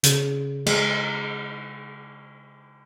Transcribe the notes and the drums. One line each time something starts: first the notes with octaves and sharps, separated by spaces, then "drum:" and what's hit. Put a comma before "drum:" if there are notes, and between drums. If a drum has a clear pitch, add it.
C#3, drum: hi-hat
G#3, drum: cymbal